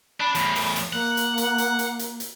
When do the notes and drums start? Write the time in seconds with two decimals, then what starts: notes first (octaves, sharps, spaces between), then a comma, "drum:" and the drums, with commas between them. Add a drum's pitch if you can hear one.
0.20 D4 B5
0.35 E2 A2, drum: hi-hat
0.55 drum: open hi-hat
0.76 drum: hi-hat
0.93 A#3 F#5
1.17 drum: hi-hat
1.38 drum: hi-hat
1.58 drum: hi-hat
1.79 drum: hi-hat
1.99 drum: hi-hat
2.20 drum: hi-hat